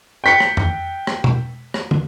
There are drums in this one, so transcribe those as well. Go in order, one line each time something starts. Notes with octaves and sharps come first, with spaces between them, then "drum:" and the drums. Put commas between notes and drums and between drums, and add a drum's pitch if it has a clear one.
G5 B6 C#7
drum: rim click
drum: tom F2
drum: rim click
drum: tom B2
drum: rim click
drum: tom